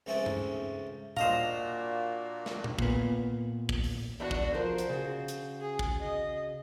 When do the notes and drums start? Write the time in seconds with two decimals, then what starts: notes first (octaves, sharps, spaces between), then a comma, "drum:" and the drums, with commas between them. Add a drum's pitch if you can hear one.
0.06 C#2 A3 C4 C#4 E5 A5
0.26 drum: tom G2
1.17 A#2 A#3 D4 F#4 C5 D#5 F5 A#5, drum: tom A#2
2.46 drum: snare
2.64 drum: tom A#2
2.79 A#2 B3, drum: kick
3.69 drum: kick
3.84 drum: open hi-hat
4.20 E2 D4 F#4
4.31 drum: kick
4.54 F3 A#4 C5
4.78 drum: hi-hat
4.89 C#3 F#4
5.28 drum: hi-hat
5.61 G#4
5.79 drum: kick
6.01 D#5